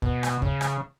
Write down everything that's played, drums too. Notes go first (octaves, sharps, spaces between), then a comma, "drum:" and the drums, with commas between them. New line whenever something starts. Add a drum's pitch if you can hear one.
B2, drum: kick
drum: rim click
C#3, drum: kick
drum: rim click